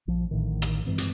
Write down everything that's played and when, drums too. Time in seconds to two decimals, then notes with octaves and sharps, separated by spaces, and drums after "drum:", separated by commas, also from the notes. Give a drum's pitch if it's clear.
0.08 A#1 F3
0.31 A1 A2 D3 D#3
0.62 drum: rim click
0.86 G2 E3 G#3 C4
0.98 drum: hi-hat